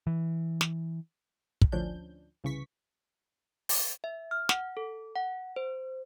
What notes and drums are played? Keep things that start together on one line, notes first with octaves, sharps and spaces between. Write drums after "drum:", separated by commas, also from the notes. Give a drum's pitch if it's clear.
E3
drum: snare
drum: kick
D2 A2 F3 C#4 D4 G6
C2 C#3 E3 C#6 B6
drum: open hi-hat
E5
F6
F#5, drum: snare
A4
F#5
C5